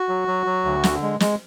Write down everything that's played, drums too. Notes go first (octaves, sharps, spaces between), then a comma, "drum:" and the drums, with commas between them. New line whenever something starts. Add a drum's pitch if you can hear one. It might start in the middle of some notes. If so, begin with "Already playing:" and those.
Already playing: F#4
F#3
F#3
F#3
D2
D3, drum: snare
G#3
G#3, drum: snare